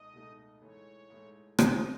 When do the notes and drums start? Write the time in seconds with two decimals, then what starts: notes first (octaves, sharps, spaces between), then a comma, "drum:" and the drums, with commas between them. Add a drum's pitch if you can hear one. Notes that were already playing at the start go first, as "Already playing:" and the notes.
Already playing: C#2 B2 A3 D#4 D#5
0.13 C#2 B2 A3 D#4
0.61 G#2 E3 A3 C#5
1.10 G#2 E3 A3
1.58 D#3 A3 E4 G#4 D#5, drum: rim click